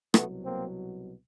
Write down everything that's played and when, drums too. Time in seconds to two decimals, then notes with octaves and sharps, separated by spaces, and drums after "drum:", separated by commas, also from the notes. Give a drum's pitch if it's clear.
0.14 C2 B2 F#3 A3 B3, drum: rim click
0.45 A#3 C4